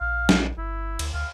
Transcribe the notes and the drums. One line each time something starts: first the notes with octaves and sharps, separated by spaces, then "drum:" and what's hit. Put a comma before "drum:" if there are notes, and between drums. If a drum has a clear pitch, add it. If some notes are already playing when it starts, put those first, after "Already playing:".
A#1 F5
drum: snare
G1 E4
D2, drum: cymbal
D2 F5